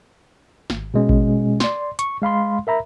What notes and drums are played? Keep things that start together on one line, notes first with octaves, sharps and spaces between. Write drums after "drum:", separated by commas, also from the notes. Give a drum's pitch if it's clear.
G#1, drum: snare
B2 G#3 C#4
drum: kick A1
D5 C6, drum: snare
C#6, drum: hi-hat
G#3 F5 B5 C6
A#4 E5 A#5 B5